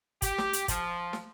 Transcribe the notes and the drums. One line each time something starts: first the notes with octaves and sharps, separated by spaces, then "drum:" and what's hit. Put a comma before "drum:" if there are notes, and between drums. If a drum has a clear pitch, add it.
G4, drum: kick G1, hi-hat
drum: snare
drum: hi-hat
F3, drum: kick G1, hi-hat
drum: snare